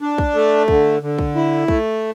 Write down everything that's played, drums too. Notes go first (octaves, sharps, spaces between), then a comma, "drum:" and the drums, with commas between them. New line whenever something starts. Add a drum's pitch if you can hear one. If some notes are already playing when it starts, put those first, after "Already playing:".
D4
drum: kick
A3
D3, drum: kick
D3
drum: kick
E4
A3, drum: kick